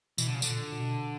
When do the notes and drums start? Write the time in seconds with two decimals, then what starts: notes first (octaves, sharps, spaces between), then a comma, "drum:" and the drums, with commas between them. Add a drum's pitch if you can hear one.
0.18 B2 E3, drum: tambourine
0.27 D3
0.34 C#3
0.42 D3, drum: tambourine
0.50 A#2
0.72 A#2
0.80 B2